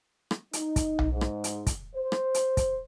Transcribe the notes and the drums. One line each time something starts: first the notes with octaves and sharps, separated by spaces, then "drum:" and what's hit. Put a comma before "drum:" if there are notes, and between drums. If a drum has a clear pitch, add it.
drum: rim click
D#4, drum: hi-hat
drum: kick, hi-hat
drum: tom B1
G#2
drum: rim click
drum: hi-hat
drum: kick, hi-hat
C5
drum: rim click
drum: hi-hat
drum: kick, hi-hat